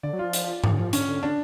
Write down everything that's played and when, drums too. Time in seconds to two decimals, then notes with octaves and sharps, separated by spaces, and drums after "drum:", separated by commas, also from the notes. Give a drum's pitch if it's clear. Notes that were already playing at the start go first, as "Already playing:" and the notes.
0.03 D3 D5
0.13 F#3
0.19 F3 F4
0.33 drum: hi-hat
0.64 F3, drum: tom G#2
0.72 D3
0.80 F3
0.93 D3 C#4, drum: hi-hat
1.08 D3
1.23 D3 D4